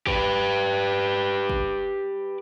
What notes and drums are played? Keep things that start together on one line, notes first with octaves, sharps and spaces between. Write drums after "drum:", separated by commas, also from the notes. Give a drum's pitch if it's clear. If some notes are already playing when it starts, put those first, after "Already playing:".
G4 B4, drum: kick
drum: kick